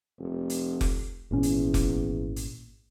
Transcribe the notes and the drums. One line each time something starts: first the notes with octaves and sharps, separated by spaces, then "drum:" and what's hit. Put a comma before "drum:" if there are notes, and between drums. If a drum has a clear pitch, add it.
F1
drum: hi-hat
drum: kick F1, open hi-hat
G#1 E2 A#2 C#4
drum: hi-hat
drum: kick F1, hi-hat
drum: hi-hat